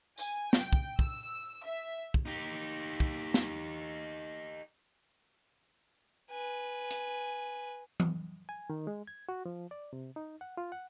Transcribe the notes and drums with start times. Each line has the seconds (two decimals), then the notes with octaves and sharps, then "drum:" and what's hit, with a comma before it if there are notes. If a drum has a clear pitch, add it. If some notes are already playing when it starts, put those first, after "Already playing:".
0.18 G#5, drum: tambourine
0.53 G5, drum: snare
0.73 drum: kick
0.99 E6, drum: kick
1.65 E5
2.14 drum: kick
2.26 D#4 G4
3.00 drum: kick
3.34 drum: snare
6.31 B4 G#5
6.91 drum: hi-hat
8.00 drum: tom E3
8.49 G#5
8.70 D#3
8.87 G#3
9.07 G#6
9.29 F#4
9.46 F3
9.71 D5
9.93 C3
10.16 D#4
10.41 F#5
10.57 F4
10.72 F#5